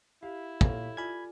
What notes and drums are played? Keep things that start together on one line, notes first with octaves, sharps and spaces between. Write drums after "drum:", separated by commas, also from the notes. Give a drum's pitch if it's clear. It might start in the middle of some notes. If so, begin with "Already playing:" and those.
E4 G4 F5
A#2 A4 C#5 F5, drum: kick
F4 D5 G#5 B5 G#6